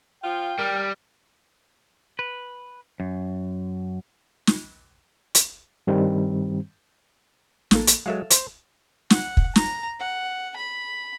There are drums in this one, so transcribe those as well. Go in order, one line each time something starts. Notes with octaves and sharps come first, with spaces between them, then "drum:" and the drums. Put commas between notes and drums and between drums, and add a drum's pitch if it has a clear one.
F3 F4 G5
G3 A#4
B4
F#2
drum: snare
drum: hi-hat
G2 D#3 G3 C4
A1 A#3 A4, drum: snare
drum: hi-hat
F#3 G#3 A4 E5 F5
C5, drum: hi-hat
F#5, drum: snare
drum: kick
A#5, drum: snare
F#5
B5